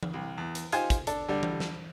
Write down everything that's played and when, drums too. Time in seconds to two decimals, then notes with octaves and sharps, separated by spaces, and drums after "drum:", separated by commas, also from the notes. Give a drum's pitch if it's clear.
0.03 drum: tom E3
0.14 C2
0.38 E2
0.55 drum: hi-hat
0.72 D#4 F4 G4 C5 G#5, drum: hi-hat
0.90 drum: kick, hi-hat
1.07 D4 A4, drum: hi-hat
1.28 D3 G3 D4
1.43 drum: tom E3
1.60 drum: snare